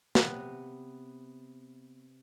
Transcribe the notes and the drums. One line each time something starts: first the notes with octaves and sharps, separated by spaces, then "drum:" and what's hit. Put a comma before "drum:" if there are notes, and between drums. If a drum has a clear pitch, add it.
C3 B3, drum: snare